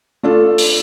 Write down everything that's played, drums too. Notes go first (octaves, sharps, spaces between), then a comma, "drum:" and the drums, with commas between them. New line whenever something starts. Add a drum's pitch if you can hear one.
A3 D4 F4 A4
drum: open hi-hat